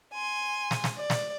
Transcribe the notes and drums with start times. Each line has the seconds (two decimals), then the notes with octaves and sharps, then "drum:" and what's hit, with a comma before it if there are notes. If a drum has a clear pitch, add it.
0.14 G#5 C6
0.71 drum: snare
0.84 drum: snare
0.97 D5
1.10 drum: snare